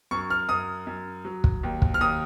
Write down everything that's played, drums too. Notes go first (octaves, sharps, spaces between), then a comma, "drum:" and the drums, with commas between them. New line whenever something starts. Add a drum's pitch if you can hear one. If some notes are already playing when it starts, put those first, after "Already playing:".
F#2 C#6
F6
F#2 D#6
F#2
F#3
drum: kick
D#2
drum: kick
F6
D#2 D#6